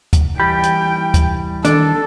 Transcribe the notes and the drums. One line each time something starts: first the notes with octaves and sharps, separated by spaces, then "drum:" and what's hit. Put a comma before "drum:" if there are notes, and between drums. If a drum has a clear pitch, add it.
drum: kick D2, hi-hat
E3 G3 G4 G5 B5
drum: hi-hat
drum: kick D2, hi-hat
D#3 D4 A4, drum: hi-hat